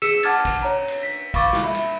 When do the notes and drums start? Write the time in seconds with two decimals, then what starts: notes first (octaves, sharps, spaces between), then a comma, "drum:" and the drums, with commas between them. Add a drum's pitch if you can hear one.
0.02 G#4 E6 B6 C#7 E7, drum: cymbal
0.23 F#5 A5 D6 F6 G#6 A6, drum: cymbal
0.45 drum: kick, cymbal
0.63 C#5 A#5
0.88 drum: cymbal
1.03 B6
1.34 F5 B5 C#6 D6 A6, drum: kick, cymbal
1.53 drum: snare
1.64 E5 B5
1.75 drum: cymbal